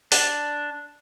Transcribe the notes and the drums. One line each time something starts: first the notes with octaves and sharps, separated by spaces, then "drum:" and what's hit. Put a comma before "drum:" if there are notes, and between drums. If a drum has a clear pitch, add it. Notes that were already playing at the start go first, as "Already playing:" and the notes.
D4, drum: open hi-hat